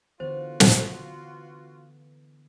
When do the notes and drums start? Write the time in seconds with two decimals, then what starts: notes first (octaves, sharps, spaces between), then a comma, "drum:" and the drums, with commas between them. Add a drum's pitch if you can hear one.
0.20 D3 E3 B3 F4 F#4 C5
0.60 drum: snare